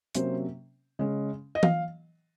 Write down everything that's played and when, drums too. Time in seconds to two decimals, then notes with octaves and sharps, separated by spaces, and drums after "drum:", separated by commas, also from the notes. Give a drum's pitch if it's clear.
0.15 C3 F#3 A#3 C#4 C5, drum: hi-hat
0.99 C#3 G#3 C#4
1.55 D#5
1.63 F5, drum: tom E3